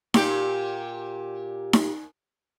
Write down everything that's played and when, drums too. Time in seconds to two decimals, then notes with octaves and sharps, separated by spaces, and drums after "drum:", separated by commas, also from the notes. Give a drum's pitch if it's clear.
0.14 A#2 G4, drum: snare D#4
1.73 drum: snare D#4